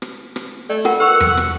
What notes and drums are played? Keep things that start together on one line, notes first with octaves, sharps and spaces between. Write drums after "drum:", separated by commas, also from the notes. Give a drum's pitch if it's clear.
drum: rim click
drum: rim click
A3 D5
F4 A#4 F#5, drum: rim click
A#4 B4 F#5 C#6 E6
drum: tom E2
drum: rim click